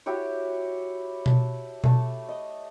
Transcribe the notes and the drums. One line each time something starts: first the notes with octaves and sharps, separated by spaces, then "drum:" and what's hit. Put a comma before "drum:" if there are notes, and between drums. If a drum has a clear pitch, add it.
E4 F#4 G4 C#5
A5, drum: tom B2
A3 A5, drum: tom B2
D#5